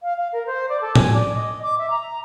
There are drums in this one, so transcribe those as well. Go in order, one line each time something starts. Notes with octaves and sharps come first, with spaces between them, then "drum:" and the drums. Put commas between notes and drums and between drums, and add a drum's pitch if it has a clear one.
F5
F5
A#4
C5
D5
A4
G#5, drum: tom A2
D5
D#5
D6
E5
A#5